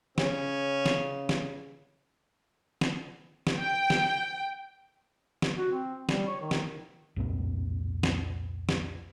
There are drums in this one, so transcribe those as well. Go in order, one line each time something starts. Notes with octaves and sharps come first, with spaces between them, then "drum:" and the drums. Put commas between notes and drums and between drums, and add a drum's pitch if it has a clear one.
C#3 C#4, drum: snare
drum: snare
drum: snare
drum: snare
drum: snare
G5
drum: snare
drum: snare
F#4
C4
G3, drum: snare
C#5
D#3
drum: snare
C2 F2 A#2 A#3
drum: snare
drum: snare